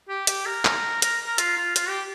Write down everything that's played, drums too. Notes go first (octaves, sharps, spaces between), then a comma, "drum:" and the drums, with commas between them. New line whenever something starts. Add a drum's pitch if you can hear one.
G4
G4, drum: hi-hat
A#4
drum: clap
A#4, drum: hi-hat
A#4
F4, drum: hi-hat
F4
F4, drum: hi-hat
G4